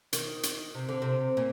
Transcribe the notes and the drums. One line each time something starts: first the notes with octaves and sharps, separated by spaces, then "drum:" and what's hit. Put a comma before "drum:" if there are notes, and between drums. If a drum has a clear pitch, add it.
D#3, drum: hi-hat
drum: hi-hat
C3
D3
C3
A#2